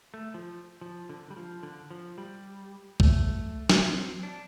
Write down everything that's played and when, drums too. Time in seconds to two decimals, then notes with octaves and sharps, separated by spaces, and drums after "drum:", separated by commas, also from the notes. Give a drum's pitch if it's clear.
0.14 A3
0.34 F3
0.81 F3
1.09 D3
1.30 G3
1.37 F3
1.63 D3
1.91 F3
2.18 G3
3.00 A3, drum: kick
3.69 D4, drum: snare
3.82 C4
4.23 D4